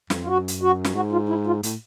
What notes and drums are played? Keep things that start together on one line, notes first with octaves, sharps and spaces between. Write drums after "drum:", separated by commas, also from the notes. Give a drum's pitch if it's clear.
F2, drum: snare
F4
F#2 F#4
drum: hi-hat
F#4
drum: snare
G#2 F#4
F4
E4
F4
A2, drum: hi-hat